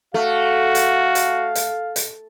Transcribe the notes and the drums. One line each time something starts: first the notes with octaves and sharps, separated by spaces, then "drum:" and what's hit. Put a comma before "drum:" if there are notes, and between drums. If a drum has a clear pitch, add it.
A3 F#4 F5
drum: hi-hat
drum: hi-hat
drum: hi-hat
drum: hi-hat